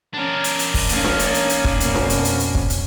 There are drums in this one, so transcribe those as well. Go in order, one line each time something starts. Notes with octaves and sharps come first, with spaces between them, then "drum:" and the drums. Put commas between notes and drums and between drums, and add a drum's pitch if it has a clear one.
C#4 D4 A#4
drum: hi-hat
drum: hi-hat
drum: kick, open hi-hat
A#3 C#4 D#4, drum: hi-hat
drum: snare D4
drum: hi-hat
drum: hi-hat
drum: hi-hat
drum: kick
F2 B2 A#3 C#4, drum: hi-hat
drum: snare D4
drum: hi-hat
drum: hi-hat
drum: hi-hat
drum: kick
drum: hi-hat